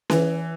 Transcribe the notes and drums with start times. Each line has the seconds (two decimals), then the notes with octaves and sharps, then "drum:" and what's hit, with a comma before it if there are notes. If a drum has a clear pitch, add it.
0.10 E3, drum: snare C#4